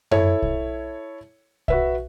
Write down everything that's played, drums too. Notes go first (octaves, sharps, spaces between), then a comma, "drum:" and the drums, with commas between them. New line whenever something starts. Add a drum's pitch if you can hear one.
E4 A4 C#5, drum: tom F#2
drum: kick
F#4 B4 E5, drum: kick